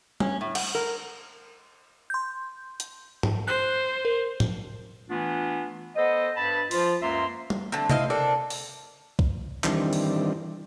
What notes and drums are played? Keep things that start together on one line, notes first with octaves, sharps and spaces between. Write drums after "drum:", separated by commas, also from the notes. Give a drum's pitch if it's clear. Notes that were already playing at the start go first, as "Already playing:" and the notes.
C#4, drum: tom G3
A2
F#5, drum: cymbal
A#4
C6 G6
drum: hi-hat
drum: tom G#2
C5 F#6
A#4
drum: tom
E3 A3 B3 D4 F4
B3 A4 C5 D#5
G2 A5 B5
F3 F4, drum: open hi-hat
C#2 F#2 A#3 E5 A#5 C6
drum: tom G3
D3 A3 C4
C4 E4 D#5 F5, drum: tom C3
A#3 C4 D4 A4
drum: open hi-hat
drum: kick
D#3 E3 G3 C4 D4, drum: clap
drum: open hi-hat